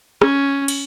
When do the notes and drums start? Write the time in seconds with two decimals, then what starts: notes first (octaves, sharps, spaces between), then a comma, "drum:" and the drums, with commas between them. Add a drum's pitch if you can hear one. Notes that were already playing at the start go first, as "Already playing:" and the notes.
0.22 C#4, drum: rim click
0.68 drum: cymbal